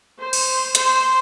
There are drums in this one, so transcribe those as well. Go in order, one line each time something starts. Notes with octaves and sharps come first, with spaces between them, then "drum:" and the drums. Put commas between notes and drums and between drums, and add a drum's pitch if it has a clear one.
C5
drum: cymbal
C5, drum: hi-hat